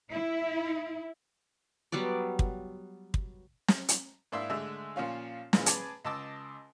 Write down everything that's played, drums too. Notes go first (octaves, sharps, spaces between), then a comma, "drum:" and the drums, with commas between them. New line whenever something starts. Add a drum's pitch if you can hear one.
E4
F#3 G3 B3 D5
drum: kick
drum: kick
drum: snare
drum: hi-hat
G#2 A#3 D4 E4 C6
D3 G#3 A3 E5
A#2 F3 C#4 F4
A#2 E3 G#3, drum: snare
G#4 B4 G#5 A5 D6, drum: hi-hat
C#2 D#5 A5 D6 E6